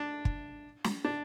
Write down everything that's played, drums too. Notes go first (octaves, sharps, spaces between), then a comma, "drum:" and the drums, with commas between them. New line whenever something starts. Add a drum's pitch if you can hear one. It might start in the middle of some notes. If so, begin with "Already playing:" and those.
Already playing: D4
drum: kick
drum: snare
D4